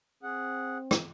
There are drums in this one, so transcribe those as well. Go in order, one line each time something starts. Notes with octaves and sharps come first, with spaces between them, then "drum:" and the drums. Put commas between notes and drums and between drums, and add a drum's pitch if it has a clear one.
C4 G#4 F#5
drum: rim click